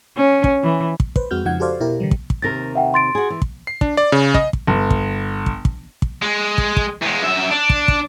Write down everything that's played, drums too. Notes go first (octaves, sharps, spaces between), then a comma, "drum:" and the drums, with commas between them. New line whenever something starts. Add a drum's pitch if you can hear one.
C#4
drum: kick
E3
drum: kick
B4 C5, drum: kick
F2 G#3 C4 F#4 F6 G6
F2 C#3 F3 D#4 F#5 G#6
F#4 G4 A4 C5 D5 F5
B2 E4 G4 A#4
D3 E3 G3
drum: kick
drum: kick
D#2 C3 A#4 A6 A#6
E5 F#5 G5
C6 A6 D7
F#4 G#4
E3
drum: kick
C7
D4, drum: kick
D5
C#3
D#5, drum: kick
drum: kick
G1
drum: kick
drum: kick
drum: kick
drum: kick
G#3
drum: kick
drum: kick
E2 G#3
F#2 E5
D4
drum: kick
drum: kick